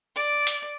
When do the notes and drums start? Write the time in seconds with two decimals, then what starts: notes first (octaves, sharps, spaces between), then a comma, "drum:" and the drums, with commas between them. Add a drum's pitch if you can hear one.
0.16 D5
0.47 drum: hi-hat